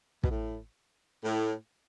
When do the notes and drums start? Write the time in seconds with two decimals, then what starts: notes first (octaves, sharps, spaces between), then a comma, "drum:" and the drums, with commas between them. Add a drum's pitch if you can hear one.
0.24 B2, drum: kick
0.29 A2
1.24 A2